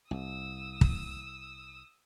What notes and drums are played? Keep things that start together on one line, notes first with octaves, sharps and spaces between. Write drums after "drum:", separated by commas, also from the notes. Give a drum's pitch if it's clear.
C2 D#6 E6
drum: kick